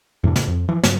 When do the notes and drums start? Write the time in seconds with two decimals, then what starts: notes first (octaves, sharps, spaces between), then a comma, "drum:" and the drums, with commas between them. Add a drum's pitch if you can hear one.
0.24 F2 A2 C3 D4
0.36 A2 C#3, drum: snare
0.48 F2
0.69 E3 F3
0.83 G2 C#3 F#3 G3, drum: snare